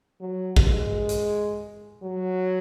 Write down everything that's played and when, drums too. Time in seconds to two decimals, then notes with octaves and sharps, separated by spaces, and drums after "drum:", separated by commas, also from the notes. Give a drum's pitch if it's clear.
0.21 F#3
0.56 drum: kick G#1
0.67 G#3
1.09 drum: hi-hat
2.03 F#3